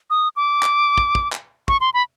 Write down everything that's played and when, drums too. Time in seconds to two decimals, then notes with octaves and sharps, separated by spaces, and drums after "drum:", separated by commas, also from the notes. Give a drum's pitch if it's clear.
0.10 D#6
0.36 D6
0.63 drum: clap
0.98 drum: kick
1.15 drum: kick
1.32 drum: clap
1.68 C#6, drum: kick
1.81 C6
1.94 B5